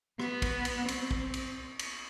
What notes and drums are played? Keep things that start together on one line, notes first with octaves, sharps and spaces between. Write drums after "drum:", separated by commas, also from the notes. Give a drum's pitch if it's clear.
B3, drum: rim click
drum: kick, cymbal
drum: cymbal
C4, drum: cymbal
drum: kick
drum: cymbal
drum: cymbal